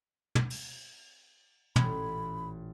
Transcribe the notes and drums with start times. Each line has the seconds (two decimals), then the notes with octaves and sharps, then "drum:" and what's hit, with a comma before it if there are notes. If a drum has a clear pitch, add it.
0.35 drum: tom
0.50 drum: open hi-hat
1.76 A1 A#2 B5 G#6, drum: tom